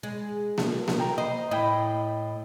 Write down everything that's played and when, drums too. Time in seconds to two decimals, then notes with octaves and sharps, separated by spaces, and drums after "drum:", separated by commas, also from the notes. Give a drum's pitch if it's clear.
0.03 G#3
0.58 drum: snare A#3
0.88 drum: snare A#3
1.00 G5 A#5
1.18 C5 D#5
1.51 A2 E4 D#5 G5